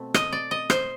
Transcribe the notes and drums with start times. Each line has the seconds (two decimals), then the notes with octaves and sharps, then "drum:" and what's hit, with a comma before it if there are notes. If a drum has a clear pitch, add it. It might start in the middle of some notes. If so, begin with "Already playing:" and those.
Already playing: B2 A3 C4
0.14 D#5, drum: rim click
0.32 D5
0.51 D#5
0.70 C5, drum: rim click